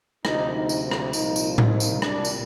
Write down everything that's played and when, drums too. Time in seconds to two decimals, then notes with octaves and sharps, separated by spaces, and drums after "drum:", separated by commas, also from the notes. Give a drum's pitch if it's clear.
0.25 D2 C3 F3 D#4, drum: rim click
0.55 D#4
0.69 drum: tambourine
0.91 drum: rim click
1.13 C2 A#2 F3 D#4, drum: tambourine
1.36 drum: tambourine
1.58 D#4, drum: tom A2
1.80 drum: tambourine
2.02 C2 A#2 G3 D4, drum: rim click
2.25 drum: tambourine